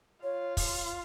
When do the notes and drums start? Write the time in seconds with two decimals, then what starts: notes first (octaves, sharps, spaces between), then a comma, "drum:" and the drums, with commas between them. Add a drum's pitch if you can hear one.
0.23 F4 C#5
0.57 drum: kick, open hi-hat